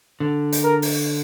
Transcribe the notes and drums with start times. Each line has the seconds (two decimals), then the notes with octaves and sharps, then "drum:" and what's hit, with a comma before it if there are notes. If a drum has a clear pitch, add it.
0.20 D3
0.52 drum: hi-hat
0.63 A#4
0.82 drum: open hi-hat